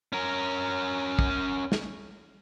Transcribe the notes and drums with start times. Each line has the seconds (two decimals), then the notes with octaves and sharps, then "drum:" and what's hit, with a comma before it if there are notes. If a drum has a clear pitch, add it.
0.13 C#4 A#4
1.19 drum: kick
1.72 drum: snare